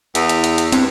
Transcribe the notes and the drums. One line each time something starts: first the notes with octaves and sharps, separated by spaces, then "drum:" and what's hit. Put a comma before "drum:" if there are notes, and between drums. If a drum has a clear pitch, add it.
E2, drum: hi-hat
drum: hi-hat
drum: hi-hat
drum: hi-hat
G2 C4, drum: hi-hat